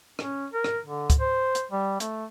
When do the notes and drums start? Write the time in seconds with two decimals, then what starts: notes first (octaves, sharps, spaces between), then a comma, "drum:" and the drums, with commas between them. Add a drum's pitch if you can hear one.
0.19 C#4, drum: rim click
0.53 A#4
0.64 drum: rim click
0.85 D3
1.10 drum: kick C#2, hi-hat
1.20 C5
1.55 drum: hi-hat
1.72 G3
2.00 A3, drum: hi-hat